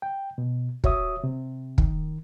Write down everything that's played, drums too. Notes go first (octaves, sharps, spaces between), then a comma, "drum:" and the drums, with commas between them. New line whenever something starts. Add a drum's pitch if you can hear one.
G5
B2
F#4 C#5 E5 D#6, drum: kick
C3
D#3, drum: kick